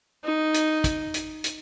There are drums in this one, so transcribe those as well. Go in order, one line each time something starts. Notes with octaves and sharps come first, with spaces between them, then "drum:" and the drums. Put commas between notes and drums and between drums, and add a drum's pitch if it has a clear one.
D#4
drum: hi-hat
drum: kick, hi-hat
drum: hi-hat
drum: hi-hat